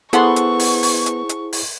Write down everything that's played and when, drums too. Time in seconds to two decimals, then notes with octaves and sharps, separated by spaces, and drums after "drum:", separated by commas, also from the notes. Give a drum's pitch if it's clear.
0.13 B3 E4 G#4 A4 C5 F#5 C6 C#6, drum: hi-hat
0.36 drum: hi-hat
0.59 drum: open hi-hat
0.83 drum: open hi-hat
1.06 drum: hi-hat
1.29 drum: hi-hat
1.53 drum: open hi-hat